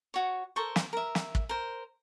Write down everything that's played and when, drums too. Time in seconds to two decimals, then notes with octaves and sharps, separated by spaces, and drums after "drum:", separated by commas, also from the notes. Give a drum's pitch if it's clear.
0.14 F#4 C#5
0.56 A4 A#4 C5 C#6
0.76 drum: snare
0.93 A#4 E5
1.15 drum: snare
1.35 drum: kick
1.49 A#4 C5